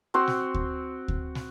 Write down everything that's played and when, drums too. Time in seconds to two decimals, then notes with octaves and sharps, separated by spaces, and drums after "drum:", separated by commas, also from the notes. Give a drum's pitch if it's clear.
0.14 C4 F#4 C6
0.28 drum: snare
0.54 drum: kick D2
1.08 drum: kick D2
1.35 drum: snare